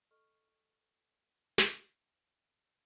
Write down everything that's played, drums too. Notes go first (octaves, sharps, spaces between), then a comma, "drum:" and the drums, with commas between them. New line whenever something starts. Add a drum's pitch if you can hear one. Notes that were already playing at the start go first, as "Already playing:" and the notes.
A4 D#5 C#6 F6
drum: snare